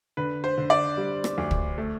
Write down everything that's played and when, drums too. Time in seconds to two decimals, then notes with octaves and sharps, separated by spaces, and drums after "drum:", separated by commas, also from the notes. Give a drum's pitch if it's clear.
0.17 D3 B4
0.44 C5
0.58 D3
0.70 D5
0.97 G3
1.24 drum: rim click
1.38 D2
1.51 drum: kick
1.78 A3